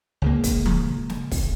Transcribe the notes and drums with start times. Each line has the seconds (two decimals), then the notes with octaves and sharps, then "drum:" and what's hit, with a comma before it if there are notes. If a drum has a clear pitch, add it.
0.22 C#2 C#3 A#3
0.44 drum: kick, hi-hat
0.66 drum: tom E3
1.10 drum: snare
1.32 drum: kick, open hi-hat